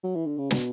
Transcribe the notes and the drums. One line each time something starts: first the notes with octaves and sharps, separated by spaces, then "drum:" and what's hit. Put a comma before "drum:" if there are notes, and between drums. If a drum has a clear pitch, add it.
F#3
E3
D3
C#3
B2, drum: snare